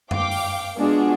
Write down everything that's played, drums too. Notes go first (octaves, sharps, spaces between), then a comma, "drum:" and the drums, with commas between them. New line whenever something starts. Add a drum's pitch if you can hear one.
F5 G5 D6, drum: tom F#2
drum: open hi-hat
G#3 B3 D4 F4 F#4 G#4